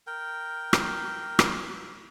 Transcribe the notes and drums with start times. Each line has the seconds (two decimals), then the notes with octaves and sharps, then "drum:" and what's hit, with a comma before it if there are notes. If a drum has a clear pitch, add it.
0.07 A#4 G5
0.73 drum: rim click
1.39 drum: rim click